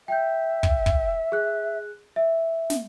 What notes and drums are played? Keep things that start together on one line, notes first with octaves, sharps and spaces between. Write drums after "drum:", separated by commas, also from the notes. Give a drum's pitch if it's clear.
E5 G5 G6
drum: kick
drum: kick
G#4 F#6
E5
drum: snare